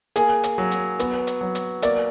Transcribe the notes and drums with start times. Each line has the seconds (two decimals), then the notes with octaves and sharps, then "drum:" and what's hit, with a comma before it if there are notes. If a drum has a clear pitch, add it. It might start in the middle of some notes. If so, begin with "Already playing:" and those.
0.16 A#3 G#4, drum: hi-hat
0.43 drum: hi-hat
0.58 F#3
0.71 drum: hi-hat
0.99 B3, drum: hi-hat
1.27 drum: hi-hat
1.41 F#3
1.55 drum: hi-hat
1.82 A#3 D5, drum: hi-hat